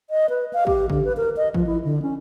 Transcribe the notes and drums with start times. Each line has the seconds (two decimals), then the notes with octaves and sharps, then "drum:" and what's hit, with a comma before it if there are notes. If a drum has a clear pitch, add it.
0.10 D#5
0.30 B4
0.53 F5
0.67 G4, drum: kick
0.90 D3, drum: kick
1.05 B4
1.17 A#4
1.37 D#5
1.54 F3, drum: kick
1.67 E4
1.85 D3
2.02 C#4